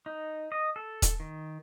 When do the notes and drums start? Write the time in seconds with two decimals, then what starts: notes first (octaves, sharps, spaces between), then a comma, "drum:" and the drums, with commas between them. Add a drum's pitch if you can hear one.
0.06 D#4
0.52 D#5
0.76 A4
1.02 drum: kick D#1, hi-hat
1.20 D#3